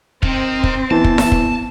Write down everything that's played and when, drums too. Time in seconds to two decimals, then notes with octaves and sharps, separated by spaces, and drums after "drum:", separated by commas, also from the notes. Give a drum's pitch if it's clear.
0.23 D#3 C4 C5, drum: kick
0.64 drum: kick
0.91 E3 B3 A5
1.04 drum: kick
1.18 drum: snare E4
1.32 drum: kick